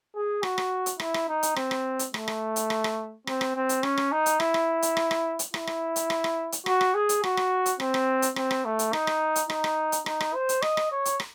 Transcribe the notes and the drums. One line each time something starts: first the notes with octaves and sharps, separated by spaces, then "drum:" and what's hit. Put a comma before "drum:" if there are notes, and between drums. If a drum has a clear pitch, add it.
G#4
F#4, drum: rim click
drum: rim click
drum: hi-hat
E4, drum: rim click
drum: rim click
D#4
drum: hi-hat
C4, drum: rim click
drum: rim click
drum: hi-hat
A3, drum: rim click
drum: rim click
drum: hi-hat
drum: rim click
drum: rim click
C4, drum: rim click
drum: rim click
C4
drum: hi-hat
C#4, drum: rim click
drum: rim click
D#4
drum: hi-hat
E4, drum: rim click
drum: rim click
drum: hi-hat
drum: rim click
drum: rim click
drum: hi-hat
E4, drum: rim click
drum: rim click
drum: hi-hat
drum: rim click
drum: rim click
drum: hi-hat
F#4, drum: rim click
drum: rim click
G#4
drum: hi-hat
F#4, drum: rim click
drum: rim click
drum: hi-hat
C4, drum: rim click
drum: rim click
drum: hi-hat
C4, drum: rim click
drum: rim click
A3
drum: hi-hat
D#4, drum: rim click
drum: rim click
drum: hi-hat
D#4, drum: rim click
drum: rim click
drum: hi-hat
D#4, drum: rim click
drum: rim click
C5
drum: hi-hat
D#5, drum: rim click
drum: rim click
C#5
drum: hi-hat
drum: rim click